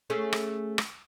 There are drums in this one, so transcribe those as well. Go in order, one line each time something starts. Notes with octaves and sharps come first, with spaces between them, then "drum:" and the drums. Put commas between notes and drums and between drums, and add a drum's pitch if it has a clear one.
A3 C#4 G#4
drum: rim click
drum: rim click